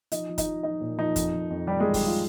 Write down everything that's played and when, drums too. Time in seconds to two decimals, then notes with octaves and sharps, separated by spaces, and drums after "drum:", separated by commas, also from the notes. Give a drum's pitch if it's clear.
0.12 F3 D#4 D#5, drum: hi-hat
0.29 F3
0.38 D#4 D#5, drum: kick, hi-hat
0.46 F3
0.63 F3 D#4 D#5
0.81 A#2
0.98 F3 D#4
1.16 F2, drum: kick, hi-hat
1.33 F2
1.50 F2
1.67 D#3 G3 G4
1.80 G#3 G#4
1.86 D#3
1.94 G3 G4, drum: kick, open hi-hat
2.02 F2 F4